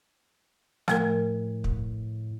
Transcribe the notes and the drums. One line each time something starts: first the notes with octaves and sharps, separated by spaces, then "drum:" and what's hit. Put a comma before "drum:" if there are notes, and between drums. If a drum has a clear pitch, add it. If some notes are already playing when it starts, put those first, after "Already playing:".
A2 F3 A3 A#4, drum: rim click
drum: kick